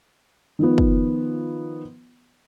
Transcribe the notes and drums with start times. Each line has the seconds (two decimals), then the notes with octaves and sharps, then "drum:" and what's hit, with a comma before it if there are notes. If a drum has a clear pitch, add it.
0.59 D#3 F3 B3
0.78 drum: kick